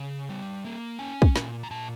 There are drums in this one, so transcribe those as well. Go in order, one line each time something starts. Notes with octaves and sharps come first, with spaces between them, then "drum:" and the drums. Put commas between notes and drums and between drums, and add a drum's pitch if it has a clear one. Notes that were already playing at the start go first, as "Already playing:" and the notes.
Already playing: C#3 F5
G3
A#3
C#4 G#5
drum: kick
A#2, drum: snare
A#5
A#2 A5